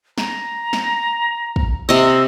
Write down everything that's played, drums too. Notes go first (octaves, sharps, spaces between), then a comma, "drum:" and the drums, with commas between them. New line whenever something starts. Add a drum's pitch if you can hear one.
A#5, drum: snare
drum: snare
drum: kick
C3 D#5 E6